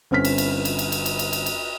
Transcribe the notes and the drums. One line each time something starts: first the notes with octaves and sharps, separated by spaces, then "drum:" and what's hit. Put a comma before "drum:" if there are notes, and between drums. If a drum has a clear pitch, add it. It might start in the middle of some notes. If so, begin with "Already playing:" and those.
G1 C4 C#4 F6 B6
drum: cymbal
drum: cymbal
drum: cymbal
drum: cymbal
drum: cymbal
drum: cymbal
drum: cymbal
drum: cymbal
drum: cymbal